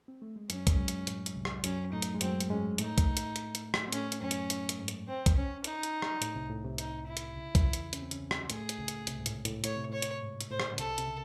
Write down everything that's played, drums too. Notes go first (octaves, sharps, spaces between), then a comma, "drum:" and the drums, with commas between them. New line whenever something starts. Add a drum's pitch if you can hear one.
C4
A3
G#3
F#2 F#3 C#4, drum: hi-hat
G#3, drum: kick B1, hi-hat
F#2 F#3
drum: hi-hat
A2, drum: hi-hat
drum: hi-hat
C2 C3
drum: rim click
F#2 F#3 C#4, drum: hi-hat
A2 A3 D#4
drum: hi-hat
G#3
F#2 F#3 C4, drum: hi-hat
drum: hi-hat
G#2 G#3 C#4
A2 A3 D#4, drum: hi-hat
drum: kick B1, hi-hat
drum: hi-hat
drum: hi-hat
drum: hi-hat
drum: rim click
C4
A2 A3 C#4, drum: hi-hat
drum: hi-hat
F#2 F#3 C#4
drum: hi-hat
drum: hi-hat
drum: hi-hat
G#2
drum: hi-hat
C4
drum: kick B1, hi-hat
C#4
D#4, drum: hi-hat
drum: hi-hat
drum: rim click
A2, drum: hi-hat
C2 C3
A2
C2 C3
D#4, drum: hi-hat
E4
drum: hi-hat
C#2 C#3
C#2 C#3, drum: kick B1, hi-hat
E2 E3, drum: hi-hat
C#4, drum: hi-hat
C4
C#3 C#4, drum: hi-hat
drum: rim click
A2 A3 G#4, drum: hi-hat
drum: hi-hat
C#2 C#3
drum: hi-hat
C2 C3, drum: hi-hat
G#2
A2, drum: hi-hat
A2, drum: hi-hat
A2 C#5, drum: hi-hat
C3
A2 C#5
drum: hi-hat
G#2
drum: hi-hat
A2 C5
drum: rim click
C#3
C2 C3 A4, drum: hi-hat
C3, drum: hi-hat
C#3